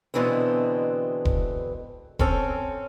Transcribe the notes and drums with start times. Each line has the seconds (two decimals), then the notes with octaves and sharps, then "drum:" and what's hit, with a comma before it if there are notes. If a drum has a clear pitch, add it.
0.14 B2 D3 E3 G#3 C4
1.25 drum: kick E1
2.19 C4 C#4 A4, drum: kick E1